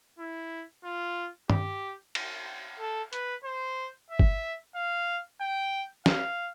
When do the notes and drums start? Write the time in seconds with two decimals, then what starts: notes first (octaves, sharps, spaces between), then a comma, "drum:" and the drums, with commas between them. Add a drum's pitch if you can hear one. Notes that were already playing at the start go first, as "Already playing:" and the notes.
0.19 E4
0.84 F4
1.50 G4, drum: tom G2
2.15 drum: cymbal
2.79 A4
3.13 B4, drum: hi-hat
3.44 C5
4.10 E5
4.19 drum: kick
4.75 F5
5.41 G5
6.06 F5, drum: snare